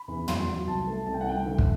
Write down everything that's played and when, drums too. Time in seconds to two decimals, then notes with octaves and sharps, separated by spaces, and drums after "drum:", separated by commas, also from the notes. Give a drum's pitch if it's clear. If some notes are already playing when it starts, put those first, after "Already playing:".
Already playing: B5
0.08 E2
0.28 F#3 C6, drum: tom
0.48 F#3
0.67 C2 A5
0.87 A3
1.06 C2 A5
1.14 G5
1.21 F#5
1.25 C2 G5
1.46 D3
1.58 drum: kick